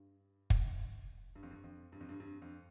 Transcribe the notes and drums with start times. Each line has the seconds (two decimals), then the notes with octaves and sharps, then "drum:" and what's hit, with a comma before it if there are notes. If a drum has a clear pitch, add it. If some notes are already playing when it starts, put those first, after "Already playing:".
Already playing: G2
0.50 drum: kick
1.36 G2
1.43 F2
1.51 G2
1.64 F2
1.92 G2
2.01 F2
2.09 G2
2.20 G2
2.42 F2